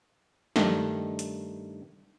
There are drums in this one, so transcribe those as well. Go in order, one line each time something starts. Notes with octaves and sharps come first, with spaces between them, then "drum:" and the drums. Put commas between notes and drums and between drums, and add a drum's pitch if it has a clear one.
G2 D#3 A3, drum: snare F3
drum: hi-hat